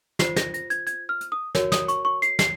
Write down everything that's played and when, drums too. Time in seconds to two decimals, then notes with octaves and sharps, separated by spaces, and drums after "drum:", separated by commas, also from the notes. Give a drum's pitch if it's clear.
0.19 F4 C5 C7, drum: snare
0.36 A#6, drum: snare
0.54 A#6, drum: hi-hat
0.70 G#6, drum: hi-hat
0.87 G#6, drum: hi-hat
1.09 F6
1.21 drum: hi-hat
1.32 D#6
1.55 F#4 A#4 C#5, drum: snare
1.72 D#6, drum: snare
1.88 C#6, drum: hi-hat
2.05 C#6
2.22 C7, drum: hi-hat
2.39 C7, drum: snare